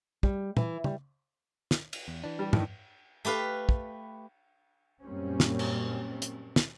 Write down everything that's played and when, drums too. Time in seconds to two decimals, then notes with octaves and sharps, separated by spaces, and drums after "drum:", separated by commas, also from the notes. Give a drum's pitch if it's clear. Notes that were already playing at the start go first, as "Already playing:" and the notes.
0.23 G3, drum: kick
0.57 E3, drum: tom A#2
0.84 G3, drum: tom
1.71 drum: snare
1.93 drum: cymbal
2.08 E2
2.24 E3 D4
2.39 G3
2.53 A2 D#3, drum: tom
3.25 A3 G4 B4 F5
3.69 drum: kick
5.03 F#2 A#2 G3 A#3 C4 C#4
5.40 drum: snare
5.59 drum: cymbal
6.22 drum: hi-hat
6.56 drum: snare